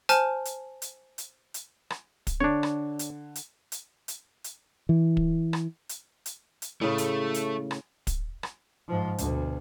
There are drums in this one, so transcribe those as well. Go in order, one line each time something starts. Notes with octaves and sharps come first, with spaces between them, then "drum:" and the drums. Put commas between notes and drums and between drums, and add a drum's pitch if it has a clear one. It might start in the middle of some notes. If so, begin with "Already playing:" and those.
C5 G#5 A5 F6, drum: hi-hat
drum: hi-hat
drum: hi-hat
drum: hi-hat
drum: hi-hat
drum: rim click
drum: kick, hi-hat
D3 D4 C#5
drum: rim click
drum: hi-hat
drum: hi-hat
drum: hi-hat
drum: hi-hat
drum: hi-hat
E3
drum: kick
drum: rim click
drum: hi-hat
drum: hi-hat
drum: hi-hat
A2 C#3 A3
drum: hi-hat
drum: hi-hat
drum: rim click
drum: kick, hi-hat
drum: rim click
G#2 F3
D2 B2, drum: hi-hat